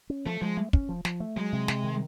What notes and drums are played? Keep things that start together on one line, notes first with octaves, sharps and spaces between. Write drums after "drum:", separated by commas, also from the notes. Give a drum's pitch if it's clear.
C#4
F3 A3
F3 G#3
A3
C#4, drum: kick
F3
F3, drum: snare
A3
F#3 G#3
C3
C3, drum: snare
D#3